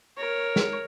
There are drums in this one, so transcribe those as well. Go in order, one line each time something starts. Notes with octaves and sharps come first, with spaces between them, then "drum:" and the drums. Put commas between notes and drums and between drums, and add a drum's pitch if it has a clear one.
A#4 C#5
drum: snare